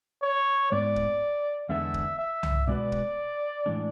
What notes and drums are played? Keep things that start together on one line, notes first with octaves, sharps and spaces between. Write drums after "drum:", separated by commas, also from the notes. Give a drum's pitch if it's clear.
C#5
G#2 G#3 B3 D5
drum: kick
E2 D3 G#3 B3 D4 E5
drum: kick
E5
drum: tom C2
B2 G#3 D4 F#4 B4 D5
drum: kick
A2 E3 G#3 D4